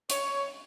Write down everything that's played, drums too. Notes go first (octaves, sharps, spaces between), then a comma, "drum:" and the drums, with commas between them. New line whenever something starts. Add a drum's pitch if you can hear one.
C#5, drum: hi-hat